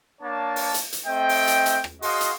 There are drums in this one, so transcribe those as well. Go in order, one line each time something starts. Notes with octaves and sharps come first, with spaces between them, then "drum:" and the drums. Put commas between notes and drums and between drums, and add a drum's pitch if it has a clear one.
A#3 D4 C#5 A5
drum: open hi-hat
drum: hi-hat
drum: hi-hat
A3 C4 D#5 G5
drum: open hi-hat
drum: hi-hat
drum: hi-hat
drum: rim click
F#4 G#4 D#5 F5 C6, drum: open hi-hat
drum: hi-hat